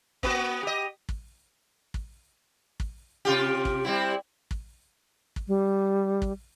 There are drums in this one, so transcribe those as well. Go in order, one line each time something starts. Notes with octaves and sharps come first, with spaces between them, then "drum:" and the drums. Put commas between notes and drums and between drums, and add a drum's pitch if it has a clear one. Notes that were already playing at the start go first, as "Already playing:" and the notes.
A#3 B3 F#4, drum: kick
G4 D#5
drum: kick
drum: kick
drum: kick
C3 F4 G4
drum: kick
G3 C4 E4
drum: kick
drum: kick
G3
drum: kick